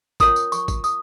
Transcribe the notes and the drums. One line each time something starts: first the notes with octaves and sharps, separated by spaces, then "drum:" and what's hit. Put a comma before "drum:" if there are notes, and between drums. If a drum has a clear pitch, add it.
C#4 F4 A#4 C#5 D#6, drum: kick, tambourine
drum: tambourine
C#6, drum: tambourine
drum: kick, tambourine
D#6, drum: tambourine